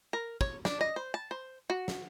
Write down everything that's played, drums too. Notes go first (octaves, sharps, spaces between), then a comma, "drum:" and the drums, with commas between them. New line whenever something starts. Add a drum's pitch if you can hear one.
A#4
C#5, drum: kick
D4, drum: snare
D#5
C5
A5
C5
F#4
drum: snare